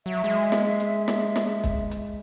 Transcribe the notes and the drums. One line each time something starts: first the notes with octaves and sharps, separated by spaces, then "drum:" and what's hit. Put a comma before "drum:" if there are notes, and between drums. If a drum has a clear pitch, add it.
F#3 E5
G#3, drum: hi-hat
drum: snare
drum: hi-hat
drum: snare
drum: snare
drum: kick, hi-hat
drum: hi-hat